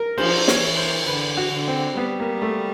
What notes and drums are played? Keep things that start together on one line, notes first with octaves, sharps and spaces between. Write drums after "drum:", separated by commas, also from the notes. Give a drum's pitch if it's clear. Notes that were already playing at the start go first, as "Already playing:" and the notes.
Already playing: A#4
F3 C5, drum: cymbal
C#5, drum: snare
E3
C5
D3 B4
F#4
D3
C4
G3 B3
A#3
A3